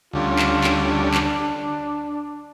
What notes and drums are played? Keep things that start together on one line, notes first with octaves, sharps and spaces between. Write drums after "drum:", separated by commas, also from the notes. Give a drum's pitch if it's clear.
D2 D3 G3 C#4 F4
drum: clap
drum: clap
D4
drum: clap